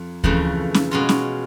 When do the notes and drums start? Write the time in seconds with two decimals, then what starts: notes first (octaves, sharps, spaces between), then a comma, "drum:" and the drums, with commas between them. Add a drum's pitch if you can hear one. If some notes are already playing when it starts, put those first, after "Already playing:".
Already playing: F2
0.24 F2 C#3 E3 A3, drum: kick D2
0.74 drum: snare C#4
0.91 B2 G#3 C#4 F4
1.09 drum: snare C#4